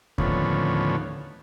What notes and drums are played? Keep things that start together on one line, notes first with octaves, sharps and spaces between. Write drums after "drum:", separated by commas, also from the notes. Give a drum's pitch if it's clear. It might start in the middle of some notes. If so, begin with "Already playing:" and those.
D#2 A2 D3 F3 B3 C#4, drum: kick D#2